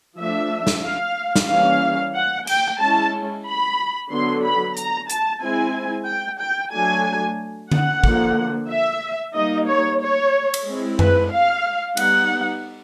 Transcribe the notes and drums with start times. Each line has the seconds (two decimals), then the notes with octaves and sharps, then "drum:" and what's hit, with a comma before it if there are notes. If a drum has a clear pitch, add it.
0.18 F3 A3 D4 E5
0.67 drum: snare
0.84 F5
1.36 drum: snare
1.50 E3 G3 A#3 C#4 F5
2.15 F#5
2.47 G5, drum: cymbal
2.80 G#3 C#4 E4 A5
3.46 B5
4.11 D3 F#3 B3 C6
4.43 B5
4.77 A#5, drum: hi-hat
5.10 A5, drum: hi-hat
5.42 G#3 C4 E4 G#5
6.08 G5
6.41 G5
6.73 F#3 A3 D4 G#5
7.72 F#5, drum: tom D3
8.04 D3 F3 A#3, drum: kick
8.69 E5
9.35 G3 A#3 D#4 D#5
9.68 C#5
10.01 C#5
10.54 drum: cymbal
10.66 G#3 C4 E4
10.99 B4, drum: tom F#2
11.32 F5
11.97 G3 B3 D#4 F#5, drum: cymbal